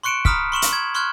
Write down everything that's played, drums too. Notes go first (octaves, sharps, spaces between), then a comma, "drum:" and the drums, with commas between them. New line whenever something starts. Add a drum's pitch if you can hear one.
C6 C#6 F#6 C#7 D7 E7
A#5 B5 D#6 F6 B6, drum: kick
C6 C#6 E7 F#7
drum: hi-hat
G#6
C6 C#6 F6 F#6 G#6